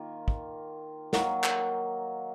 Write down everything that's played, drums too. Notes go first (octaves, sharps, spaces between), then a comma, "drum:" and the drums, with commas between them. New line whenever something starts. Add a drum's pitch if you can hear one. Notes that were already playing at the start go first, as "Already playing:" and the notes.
Already playing: D#3 A#3 F4
drum: kick
D#3 F#3 A#3, drum: snare
drum: clap